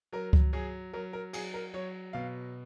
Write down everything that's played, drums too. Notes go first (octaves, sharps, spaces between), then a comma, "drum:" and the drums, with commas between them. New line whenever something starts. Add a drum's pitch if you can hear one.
F#3 A#4
drum: kick C#2
F#3 G#4
F#3 A#4
A#4
F#3 G#4, drum: cymbal
A#4
F#3 C#5
B2 F5